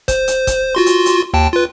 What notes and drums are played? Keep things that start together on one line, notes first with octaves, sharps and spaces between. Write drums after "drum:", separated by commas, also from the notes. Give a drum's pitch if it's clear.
C5, drum: kick, hi-hat
drum: hi-hat
drum: kick, hi-hat
F4 F#4 C6
drum: hi-hat
drum: hi-hat
D#2 G5 A5
F4 B4